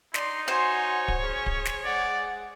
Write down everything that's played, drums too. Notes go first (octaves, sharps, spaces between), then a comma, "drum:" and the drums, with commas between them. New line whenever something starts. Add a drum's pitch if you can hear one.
D#4 D5 C6, drum: snare
F#4 C5 C#5 G#5
drum: kick D1
C#4 G#4
drum: kick D1
drum: snare
G#3 D5 F#5